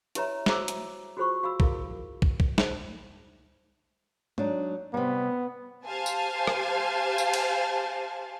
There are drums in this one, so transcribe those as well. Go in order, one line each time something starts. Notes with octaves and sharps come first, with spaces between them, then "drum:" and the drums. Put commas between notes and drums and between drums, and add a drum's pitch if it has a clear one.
E4 G4 B4 C#5 E5 A#5, drum: hi-hat
F#4 C5 E5 A#5 D6 E6, drum: snare
drum: hi-hat
F4 F#4 G#4 C5 B5 C#6
F#4 F5 B5 E6
E4 G#4 A#4 F5, drum: kick
drum: kick
drum: kick
D#4 C5, drum: snare
F#3 D4 D#4, drum: tom G#3
C3 G3 B3
G4 C5 F5 G#5 A5
drum: tambourine
drum: rim click
drum: tambourine
drum: cymbal